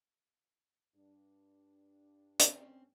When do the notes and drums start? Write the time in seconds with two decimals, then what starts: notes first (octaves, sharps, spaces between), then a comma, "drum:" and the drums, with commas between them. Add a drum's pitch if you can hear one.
0.96 G2 D4
2.40 C4 C#4, drum: hi-hat